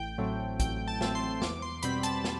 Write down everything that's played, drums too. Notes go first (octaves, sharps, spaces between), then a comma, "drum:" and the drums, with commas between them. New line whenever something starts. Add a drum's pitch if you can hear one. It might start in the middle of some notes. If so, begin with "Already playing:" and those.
Already playing: A1 G5
A2 F#3 A3 C4
A1 G5, drum: kick, hi-hat
A5
A2 F#3 A3 C4, drum: snare
C6
E2 D6, drum: snare
C6
B2 G3 C4 B5, drum: hi-hat
A5, drum: hi-hat
drum: snare